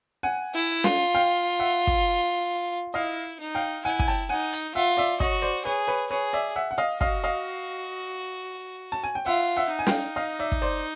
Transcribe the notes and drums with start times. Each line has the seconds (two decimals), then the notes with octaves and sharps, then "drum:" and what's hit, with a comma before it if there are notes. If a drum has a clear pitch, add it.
0.23 F#5 G#5
0.54 E4
0.84 F4, drum: snare
1.15 F5 G5
1.59 E5 F#5
1.87 drum: kick
2.94 E4 D#5 F5
3.40 D#4
3.55 F5 G5
3.85 E4 F#5 G#5
3.99 G#5, drum: kick
4.08 G5 A5
4.29 D#4 F#5 G#5
4.53 drum: hi-hat
4.75 F4 E5 F#5
4.97 D5 E5
5.20 F#4 C#5 D#5, drum: kick
5.42 C5 D5
5.65 G#4 B4 C#5
5.87 B4 C#5
6.11 G#4 B4 C#5
6.33 D5 E5
6.56 E5 F#5
6.71 F#5
6.78 D#5 F5
7.01 F#4 D#5 F5, drum: kick
7.24 D#5 F5
8.92 A5
9.04 G#5
9.15 G5
9.26 F4 E5 F#5
9.57 E5 F#5
9.72 D#4
9.79 G#5
9.87 F5 G5, drum: snare
10.16 D#5 F5
10.39 D5 E5
10.52 drum: kick
10.62 C5 D5